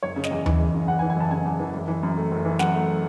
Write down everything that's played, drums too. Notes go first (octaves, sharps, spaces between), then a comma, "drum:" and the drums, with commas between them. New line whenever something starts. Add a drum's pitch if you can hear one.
F#1 C#5
C#3
D#5, drum: snare
E2
E3, drum: tom D#2
F#1
C#3
E2 F#5
G#5
E3
G#5
F#1 A5
C#3 G#5
E2
E3
F#1
E3
F#2
A3
F#1
E3
F#2 F#5, drum: snare
A3